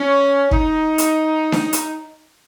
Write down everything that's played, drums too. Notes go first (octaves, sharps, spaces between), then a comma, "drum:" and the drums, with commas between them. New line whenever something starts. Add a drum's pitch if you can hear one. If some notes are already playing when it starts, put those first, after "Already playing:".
Already playing: C#4
D#4, drum: kick
drum: hi-hat
drum: snare D4
drum: hi-hat